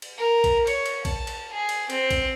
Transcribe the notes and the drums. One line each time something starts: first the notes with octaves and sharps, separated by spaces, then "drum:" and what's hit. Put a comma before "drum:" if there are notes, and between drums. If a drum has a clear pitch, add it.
drum: cymbal
A#4
drum: kick A#1, cymbal
C#5, drum: cymbal
drum: cymbal
A5, drum: kick A#1, cymbal
drum: cymbal
G#4
drum: cymbal
C4, drum: cymbal
drum: kick A#1, cymbal